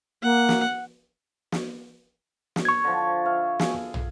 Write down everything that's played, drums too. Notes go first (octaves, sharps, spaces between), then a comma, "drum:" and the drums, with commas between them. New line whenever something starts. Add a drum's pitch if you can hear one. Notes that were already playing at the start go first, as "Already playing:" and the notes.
A#3 F#5
drum: snare
drum: snare
drum: snare
C#6 G#6
D3 F3
E5 F5
G#4, drum: snare
drum: tom